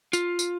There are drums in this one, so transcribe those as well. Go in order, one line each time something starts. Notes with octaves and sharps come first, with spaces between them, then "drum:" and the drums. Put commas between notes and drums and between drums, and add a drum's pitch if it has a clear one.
F4, drum: tambourine
drum: tambourine